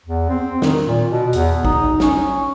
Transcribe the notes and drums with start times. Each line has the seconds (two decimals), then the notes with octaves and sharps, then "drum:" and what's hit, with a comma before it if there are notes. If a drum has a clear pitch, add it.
0.06 E2
0.29 C4
0.62 D#3, drum: snare
0.86 A#2
1.11 B2
1.33 E2, drum: hi-hat
1.65 D#4, drum: kick A1
2.00 C#4, drum: snare